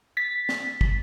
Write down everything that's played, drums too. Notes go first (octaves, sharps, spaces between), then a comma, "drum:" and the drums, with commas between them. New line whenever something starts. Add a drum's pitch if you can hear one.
A6 B6
drum: snare
drum: kick